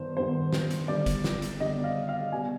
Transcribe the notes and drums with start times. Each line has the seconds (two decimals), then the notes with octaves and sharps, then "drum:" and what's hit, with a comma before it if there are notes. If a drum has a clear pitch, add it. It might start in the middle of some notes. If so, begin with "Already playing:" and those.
Already playing: G2 D#3 B3 C5
0.16 G2 D#3 B3 C5
0.53 drum: snare
0.71 drum: hi-hat
0.88 D3 G3 B3 D5
1.06 drum: kick F#1, hi-hat
1.24 drum: snare
1.42 drum: hi-hat
1.60 D3 G3 B3 D#5
1.84 F5
2.09 F5
2.32 B2 G3 B3 G#5